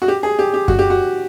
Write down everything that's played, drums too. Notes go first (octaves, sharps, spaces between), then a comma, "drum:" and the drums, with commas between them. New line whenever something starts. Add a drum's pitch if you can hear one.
F#4
G4
G#4
G4
G4
F#4, drum: kick F#2
G4
F#4